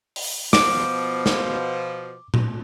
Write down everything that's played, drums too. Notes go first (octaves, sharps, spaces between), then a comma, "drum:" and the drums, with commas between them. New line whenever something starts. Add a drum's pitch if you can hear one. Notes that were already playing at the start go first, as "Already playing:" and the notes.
drum: open hi-hat
B2 F3 D6, drum: snare
drum: snare
drum: tom A#2